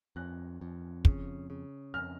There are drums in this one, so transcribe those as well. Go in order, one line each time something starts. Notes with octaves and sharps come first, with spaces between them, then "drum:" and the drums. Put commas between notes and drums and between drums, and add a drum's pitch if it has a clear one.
F2 F#6
F2
C#3, drum: kick
C#3
F2 F6